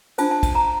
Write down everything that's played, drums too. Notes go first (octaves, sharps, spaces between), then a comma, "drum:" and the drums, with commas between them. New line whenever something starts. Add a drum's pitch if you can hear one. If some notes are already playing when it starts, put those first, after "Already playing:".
D4 F4 C5 A5, drum: cymbal
A5
drum: kick, cymbal
A#5